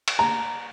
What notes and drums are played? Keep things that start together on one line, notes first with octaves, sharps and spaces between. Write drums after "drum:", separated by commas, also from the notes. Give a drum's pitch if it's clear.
drum: cymbal
A#5